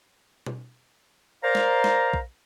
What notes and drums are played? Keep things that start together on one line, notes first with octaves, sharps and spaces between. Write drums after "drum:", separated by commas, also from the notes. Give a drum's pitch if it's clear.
drum: tom B2
A#4 C5 D5 F5 A#5
drum: snare
drum: snare
drum: kick A#1